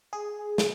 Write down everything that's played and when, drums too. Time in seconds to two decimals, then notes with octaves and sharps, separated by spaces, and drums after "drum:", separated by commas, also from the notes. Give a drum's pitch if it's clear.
0.13 G#4
0.58 drum: snare